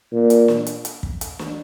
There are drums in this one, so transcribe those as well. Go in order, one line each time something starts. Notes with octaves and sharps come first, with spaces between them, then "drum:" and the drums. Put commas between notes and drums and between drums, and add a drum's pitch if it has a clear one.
A#2
drum: hi-hat
drum: snare
drum: hi-hat
drum: hi-hat
drum: kick
drum: hi-hat
drum: snare